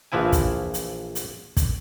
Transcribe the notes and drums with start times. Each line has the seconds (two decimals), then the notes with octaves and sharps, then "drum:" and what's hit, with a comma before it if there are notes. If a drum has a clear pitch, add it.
0.12 A#1 E3 F3 E4 G#5
0.32 drum: kick, hi-hat
0.74 drum: hi-hat
1.15 drum: hi-hat
1.57 drum: kick, hi-hat